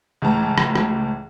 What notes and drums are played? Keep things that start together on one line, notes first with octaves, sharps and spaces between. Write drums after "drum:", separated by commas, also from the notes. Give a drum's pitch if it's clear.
C#2 A2 E3 A5 A#5
drum: rim click
drum: rim click